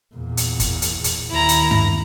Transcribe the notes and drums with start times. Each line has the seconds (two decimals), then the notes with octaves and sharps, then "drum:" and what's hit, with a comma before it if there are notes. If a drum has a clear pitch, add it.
0.15 E2 A#2
0.37 drum: hi-hat
0.60 drum: kick, hi-hat
0.82 drum: hi-hat
1.04 drum: hi-hat
1.31 D#2 E4 A#5
1.49 drum: hi-hat
1.71 drum: tom G2